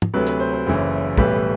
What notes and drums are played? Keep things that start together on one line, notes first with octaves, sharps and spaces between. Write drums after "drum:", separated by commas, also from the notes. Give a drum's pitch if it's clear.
drum: tom
D2 C3 F#3 B4
B4, drum: hi-hat
C5
C5
F#1 F#2 E3
B1 A2 E3 G3 B4, drum: kick